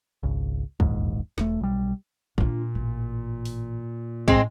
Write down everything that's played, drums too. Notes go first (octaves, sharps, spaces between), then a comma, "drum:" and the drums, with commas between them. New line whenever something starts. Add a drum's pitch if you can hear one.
G#1 C#2
E1 A#1 D#2 G#2, drum: kick
E1 A3, drum: snare
B1 G3
A#2 D4 F4, drum: kick
A1
drum: open hi-hat
A2 G#3 C4, drum: kick